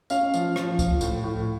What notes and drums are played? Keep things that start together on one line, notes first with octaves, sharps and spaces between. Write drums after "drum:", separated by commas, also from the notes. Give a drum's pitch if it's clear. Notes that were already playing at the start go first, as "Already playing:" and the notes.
C#4 F5, drum: tambourine
F3, drum: tambourine
F3, drum: rim click
F3, drum: kick C#2, tambourine
A2, drum: tambourine
A2